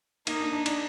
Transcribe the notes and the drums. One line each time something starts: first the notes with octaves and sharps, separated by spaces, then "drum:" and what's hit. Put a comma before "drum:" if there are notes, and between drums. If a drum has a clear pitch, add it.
A#3 D#4, drum: cymbal
D4
D4
D4, drum: cymbal